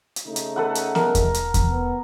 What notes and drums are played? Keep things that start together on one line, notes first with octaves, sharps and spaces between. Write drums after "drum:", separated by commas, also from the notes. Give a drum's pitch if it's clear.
drum: hi-hat
C#3 A3 D#4
drum: hi-hat
A4 B4 F#5
drum: hi-hat
A#4, drum: snare B3
drum: kick E2, hi-hat
drum: hi-hat
drum: kick E2, hi-hat
B3